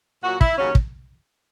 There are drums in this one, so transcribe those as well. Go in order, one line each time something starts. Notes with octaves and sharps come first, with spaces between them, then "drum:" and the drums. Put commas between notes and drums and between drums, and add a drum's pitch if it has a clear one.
A#2 F#3 F#4
E4, drum: kick
D#2 C#3 F#3 C#4
drum: kick